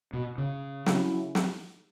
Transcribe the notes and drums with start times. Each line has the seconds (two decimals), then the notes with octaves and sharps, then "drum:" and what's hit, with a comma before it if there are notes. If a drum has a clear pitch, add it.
0.13 B2
0.38 C#3
0.86 C#3 F#3 C#4 E4, drum: snare
1.35 drum: snare